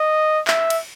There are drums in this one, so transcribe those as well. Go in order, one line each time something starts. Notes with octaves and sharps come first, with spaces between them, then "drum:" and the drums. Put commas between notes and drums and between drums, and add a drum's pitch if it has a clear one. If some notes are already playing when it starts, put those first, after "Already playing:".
Already playing: D#5
E5, drum: clap
drum: cymbal